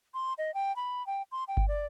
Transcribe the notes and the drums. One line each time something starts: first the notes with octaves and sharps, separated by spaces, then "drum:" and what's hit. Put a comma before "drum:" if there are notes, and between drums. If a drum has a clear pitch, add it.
C6
D#5
G5
B5
G5
C6
G5
drum: kick G1
D5